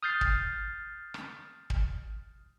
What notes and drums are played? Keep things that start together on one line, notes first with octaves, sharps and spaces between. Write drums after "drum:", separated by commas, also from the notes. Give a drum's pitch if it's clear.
D#6 F6 G6 A6 C7
drum: kick
drum: rim click
drum: kick